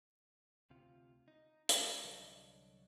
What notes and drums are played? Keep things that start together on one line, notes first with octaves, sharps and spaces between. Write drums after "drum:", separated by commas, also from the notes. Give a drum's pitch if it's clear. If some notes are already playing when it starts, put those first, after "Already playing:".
D2 C3 F4
D#4
G#3, drum: hi-hat
C2 D3 F#3 D4 C#5 D#5